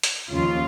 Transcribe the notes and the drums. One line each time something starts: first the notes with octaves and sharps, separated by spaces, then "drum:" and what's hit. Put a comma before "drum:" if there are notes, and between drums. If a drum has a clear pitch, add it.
drum: hi-hat
D#2 C#3 F3 F4